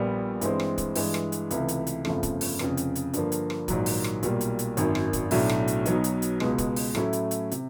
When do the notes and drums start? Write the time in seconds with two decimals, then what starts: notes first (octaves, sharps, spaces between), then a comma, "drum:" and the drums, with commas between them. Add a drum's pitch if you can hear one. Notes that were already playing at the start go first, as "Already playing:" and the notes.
Already playing: A#1 A#2 G3 B3
0.41 G2 E3 G#3 C4, drum: hi-hat
0.60 drum: rim click
0.78 drum: kick, hi-hat
0.96 G2 E3 G#3, drum: open hi-hat
1.14 drum: rim click
1.32 drum: hi-hat
1.51 C#2 C3 E3 A3, drum: hi-hat
1.68 drum: hi-hat
1.87 drum: hi-hat
2.05 G1 F2 C#3 F3 A3, drum: rim click
2.23 drum: kick, hi-hat
2.41 drum: open hi-hat
2.59 F1 F2 C#3, drum: rim click
2.77 drum: hi-hat
2.95 drum: hi-hat
3.14 G2 D3 F3 A#3, drum: hi-hat
3.32 drum: hi-hat
3.50 drum: rim click
3.68 A#1 G#2 D#3 F#3, drum: kick, hi-hat
3.86 drum: open hi-hat
4.04 drum: rim click
4.23 B1 A#2 G3 A#3, drum: hi-hat
4.41 drum: hi-hat
4.59 drum: hi-hat
4.77 G#1 F#2 D#3, drum: hi-hat
4.95 drum: rim click
5.13 drum: kick, hi-hat
5.31 B1 A2 F#3 A3 D4, drum: open hi-hat
5.49 drum: rim click
5.68 drum: hi-hat
5.86 B1 B2 F#3 B3 D#4, drum: hi-hat
6.04 drum: hi-hat
6.22 drum: hi-hat
6.40 C#2 B2 G#3, drum: rim click
6.58 drum: kick, hi-hat
6.76 drum: open hi-hat
6.95 A2 F#3 A3 C#4 E4, drum: rim click
7.13 drum: hi-hat
7.31 drum: hi-hat
7.51 C3, drum: hi-hat